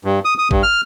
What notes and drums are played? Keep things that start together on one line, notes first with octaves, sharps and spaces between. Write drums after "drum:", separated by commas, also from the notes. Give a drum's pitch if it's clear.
G2
D#6
D#6
G2, drum: kick
F6